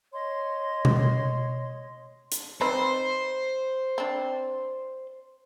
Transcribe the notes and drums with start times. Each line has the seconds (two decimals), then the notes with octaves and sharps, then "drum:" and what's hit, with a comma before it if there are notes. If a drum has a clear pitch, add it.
0.12 C#5 D#5 C6
0.85 drum: tom B2
2.32 drum: hi-hat
2.61 C4 D#4 B4 C5
3.98 C4 D4